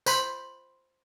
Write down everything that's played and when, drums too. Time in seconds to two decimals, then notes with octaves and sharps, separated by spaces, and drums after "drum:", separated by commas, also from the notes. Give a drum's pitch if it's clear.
0.06 C5 B5, drum: tambourine